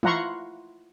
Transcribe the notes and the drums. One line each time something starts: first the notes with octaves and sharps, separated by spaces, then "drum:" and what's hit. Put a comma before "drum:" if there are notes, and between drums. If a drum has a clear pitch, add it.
E4 F4 F#5 A#5 C6 C#6, drum: tom E3